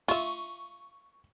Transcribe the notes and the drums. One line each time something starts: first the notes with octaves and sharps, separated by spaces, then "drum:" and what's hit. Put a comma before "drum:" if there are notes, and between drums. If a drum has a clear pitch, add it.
F4 E5 C#6, drum: cymbal